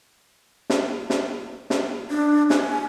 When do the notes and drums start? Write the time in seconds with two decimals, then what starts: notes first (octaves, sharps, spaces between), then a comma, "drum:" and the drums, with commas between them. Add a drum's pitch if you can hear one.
0.70 drum: snare
1.10 drum: snare
1.70 drum: snare
2.10 D4
2.50 G#5, drum: snare